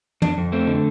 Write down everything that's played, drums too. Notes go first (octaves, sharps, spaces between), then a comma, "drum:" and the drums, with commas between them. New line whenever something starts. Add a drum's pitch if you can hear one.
F2 D4, drum: tom
F2
A3 C4
D3